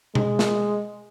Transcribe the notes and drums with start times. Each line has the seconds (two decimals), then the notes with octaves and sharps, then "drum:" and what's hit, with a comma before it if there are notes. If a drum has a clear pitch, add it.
0.15 G#3, drum: tom B2
0.39 drum: snare